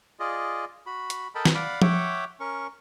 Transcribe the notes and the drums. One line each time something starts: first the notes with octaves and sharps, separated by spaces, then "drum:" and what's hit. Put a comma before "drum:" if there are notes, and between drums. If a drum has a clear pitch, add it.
F4 G#4 D5 D#5
F#4 B5
drum: hi-hat
A4 A#4 D#5 G5 A5 B5
drum: snare
D5 F5 F#5 B5 D6
C#5 E5 F#5 G5 D6, drum: tom F3
C#4 A#4 C#6